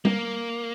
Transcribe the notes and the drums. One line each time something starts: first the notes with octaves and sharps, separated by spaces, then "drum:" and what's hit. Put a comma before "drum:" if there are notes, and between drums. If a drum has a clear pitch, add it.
A#3, drum: tom G3